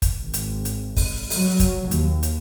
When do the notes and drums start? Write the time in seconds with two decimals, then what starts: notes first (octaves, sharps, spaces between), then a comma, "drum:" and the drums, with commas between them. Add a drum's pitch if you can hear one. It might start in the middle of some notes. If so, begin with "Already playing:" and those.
0.02 drum: kick, hi-hat
0.20 G#1
0.33 drum: hi-hat
0.65 drum: hi-hat
0.97 drum: kick, open hi-hat
1.30 F#3, drum: open hi-hat
1.60 drum: kick, hi-hat
1.91 D#2, drum: hi-hat
2.23 drum: hi-hat